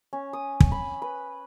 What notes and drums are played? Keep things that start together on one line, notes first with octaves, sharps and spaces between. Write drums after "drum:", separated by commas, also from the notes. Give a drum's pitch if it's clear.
C#4
D#6
drum: kick
B5
B4